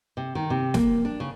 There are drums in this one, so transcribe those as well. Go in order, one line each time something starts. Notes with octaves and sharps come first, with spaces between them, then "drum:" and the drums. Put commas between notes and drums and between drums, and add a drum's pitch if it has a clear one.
C3
D#3
C3
A#3, drum: snare
D4
C#3